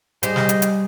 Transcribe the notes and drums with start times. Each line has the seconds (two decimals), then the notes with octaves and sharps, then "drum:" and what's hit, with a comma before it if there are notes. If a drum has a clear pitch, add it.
0.23 G3 G4 G#4 C5 D#5, drum: hi-hat
0.36 drum: snare
0.49 drum: hi-hat
0.62 drum: hi-hat